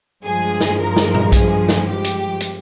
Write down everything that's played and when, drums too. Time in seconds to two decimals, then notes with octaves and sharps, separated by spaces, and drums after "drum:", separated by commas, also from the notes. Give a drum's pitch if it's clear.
0.24 G2 F3 G#3 G#4
0.60 drum: snare
0.79 A#4
0.96 drum: snare
1.14 drum: tom A#2
1.32 G#4, drum: kick A#1, hi-hat
1.68 drum: snare
1.87 G4
2.04 drum: hi-hat
2.40 drum: hi-hat